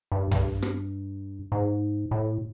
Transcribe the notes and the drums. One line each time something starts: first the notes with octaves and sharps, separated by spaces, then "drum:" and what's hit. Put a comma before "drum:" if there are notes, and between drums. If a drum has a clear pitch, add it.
G2
G2, drum: tom
drum: rim click
G#2
A2